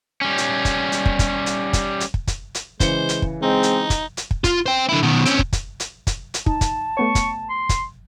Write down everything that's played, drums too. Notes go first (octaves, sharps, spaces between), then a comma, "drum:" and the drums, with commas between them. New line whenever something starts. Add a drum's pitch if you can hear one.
G3 C#4
drum: hi-hat
drum: kick, hi-hat
drum: hi-hat
drum: kick
drum: kick, hi-hat
drum: hi-hat
drum: kick, hi-hat
drum: hi-hat
drum: kick
drum: kick, hi-hat
drum: hi-hat
C#3 E3 G#3 C5 C#7, drum: kick, hi-hat
drum: hi-hat
drum: kick
G#3 C4 D#4
drum: hi-hat
drum: kick, hi-hat
drum: hi-hat
drum: kick
F4, drum: kick, hi-hat
C5 G5
D3 E4
B2 D#3
C4 C#4, drum: hi-hat
drum: kick
drum: kick, hi-hat
drum: hi-hat
drum: kick, hi-hat
drum: hi-hat
D#4 A5, drum: kick
drum: kick, hi-hat
A3 B3 C#5 C#6
drum: kick, hi-hat
C6
drum: kick, hi-hat